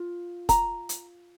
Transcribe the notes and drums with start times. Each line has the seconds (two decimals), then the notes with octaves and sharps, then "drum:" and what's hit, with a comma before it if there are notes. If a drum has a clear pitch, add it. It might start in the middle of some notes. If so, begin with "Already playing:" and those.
Already playing: F4
0.49 A#5, drum: kick F1, hi-hat
0.89 drum: hi-hat